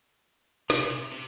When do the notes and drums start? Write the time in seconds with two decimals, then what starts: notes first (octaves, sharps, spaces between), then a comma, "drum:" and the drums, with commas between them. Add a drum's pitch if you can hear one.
0.70 C3, drum: snare
0.80 C#3
0.90 C3
1.12 C3